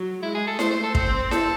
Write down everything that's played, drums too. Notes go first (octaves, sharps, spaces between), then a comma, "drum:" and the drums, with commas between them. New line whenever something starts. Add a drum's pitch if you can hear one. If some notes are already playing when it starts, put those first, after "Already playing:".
Already playing: F#3
G#3 E4
G#4
A4
A3 C5, drum: snare E4
C5
A4
C4 C5, drum: kick
A4, drum: snare E4